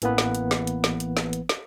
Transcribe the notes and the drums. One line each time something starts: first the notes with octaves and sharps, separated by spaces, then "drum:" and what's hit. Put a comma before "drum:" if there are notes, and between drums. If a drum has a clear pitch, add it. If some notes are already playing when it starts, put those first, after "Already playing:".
A1 E3 A#3 B3 B4, drum: hi-hat
drum: snare
drum: hi-hat
drum: snare
drum: hi-hat
drum: snare
drum: hi-hat
drum: snare
drum: hi-hat
drum: snare